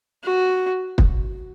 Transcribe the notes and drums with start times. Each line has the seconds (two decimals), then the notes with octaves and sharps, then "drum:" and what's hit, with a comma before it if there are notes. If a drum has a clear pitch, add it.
0.24 F#4
0.98 drum: kick